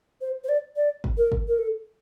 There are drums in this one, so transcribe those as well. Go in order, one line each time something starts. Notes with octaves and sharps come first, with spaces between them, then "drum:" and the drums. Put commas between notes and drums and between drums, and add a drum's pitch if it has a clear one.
C5
C5
D5
D5
drum: kick
A#4
drum: kick
A#4
A4